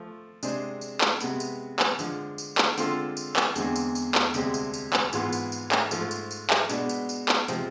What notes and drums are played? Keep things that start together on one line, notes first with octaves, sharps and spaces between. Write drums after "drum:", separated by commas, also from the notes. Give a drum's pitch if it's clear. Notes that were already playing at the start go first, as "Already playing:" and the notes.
Already playing: F3 A3
C3 G#3 D4 G#4 C5, drum: tambourine
drum: tambourine
drum: clap
C3 G#3 B3, drum: tambourine
drum: tambourine
drum: clap
D3 F3 G#3, drum: tambourine
drum: tambourine
drum: clap
D3 G#3 C4 F4 A4, drum: tambourine
drum: tambourine
drum: clap
E2 D3 G#3 C4 G#4, drum: tambourine
drum: tambourine
drum: tambourine
drum: clap
D2 C3 G#3 C4 G#4, drum: tambourine
drum: tambourine
drum: tambourine
drum: clap
G#2 E3 B3 F4 G#4, drum: tambourine
drum: tambourine
drum: tambourine
drum: clap
G#2 F3 A3, drum: tambourine
drum: tambourine
drum: tambourine
drum: clap
B2 G#3 B3 D4, drum: tambourine
drum: tambourine
drum: tambourine
drum: clap
C3 F3 G#3 C4, drum: tambourine